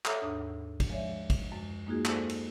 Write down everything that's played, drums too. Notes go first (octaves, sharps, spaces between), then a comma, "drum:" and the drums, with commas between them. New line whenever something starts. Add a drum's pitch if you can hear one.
A4 C#5 E5 F#5 A#5, drum: clap
D#2 G#2 D4 D#6
drum: kick, cymbal
F3 G#3 C#5 D5 E5
drum: kick, cymbal
F#2 G#3
G#3 A#3 D#4 F4 F#4 G#4
A4 C5 D5 G#5 A5, drum: clap
drum: cymbal